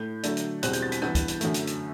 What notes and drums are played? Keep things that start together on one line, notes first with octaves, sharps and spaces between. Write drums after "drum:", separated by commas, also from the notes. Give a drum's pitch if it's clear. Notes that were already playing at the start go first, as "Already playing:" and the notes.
Already playing: A2 G6
D3 F#3 A3 D4, drum: hi-hat
drum: hi-hat
E2 B2 G3 C4 F#6, drum: hi-hat
G6, drum: hi-hat
A6
B6, drum: hi-hat
G2 E3 B3 G6, drum: rim click
drum: kick, hi-hat
drum: hi-hat
F#2 D3 F#3 A3, drum: hi-hat
drum: hi-hat
drum: hi-hat